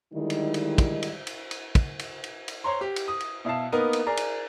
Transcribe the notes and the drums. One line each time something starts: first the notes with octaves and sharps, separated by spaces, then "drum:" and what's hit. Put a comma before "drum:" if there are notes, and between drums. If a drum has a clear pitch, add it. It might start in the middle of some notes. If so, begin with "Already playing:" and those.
D3 D#3 G3 G#3 D#4 E4
drum: cymbal
drum: cymbal
drum: kick, cymbal
drum: cymbal
drum: cymbal
drum: cymbal
drum: kick, cymbal
drum: cymbal
drum: cymbal
drum: cymbal
C5 C#5 A#5 C6
G4
drum: cymbal
D#6
drum: cymbal
B2 E4 F5 A5
A#3 B3 D#4 A#4 B4
drum: cymbal
G#4 A#4 D5 A#5
drum: cymbal